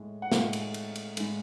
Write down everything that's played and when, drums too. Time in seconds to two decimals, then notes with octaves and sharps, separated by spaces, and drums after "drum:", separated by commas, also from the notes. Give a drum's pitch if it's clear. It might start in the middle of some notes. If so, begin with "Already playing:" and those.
Already playing: A2 G#3
0.22 F#5
0.32 A2 G#3 F5, drum: snare
0.53 drum: cymbal
0.74 drum: cymbal
0.96 drum: cymbal
1.17 A2 G#3, drum: cymbal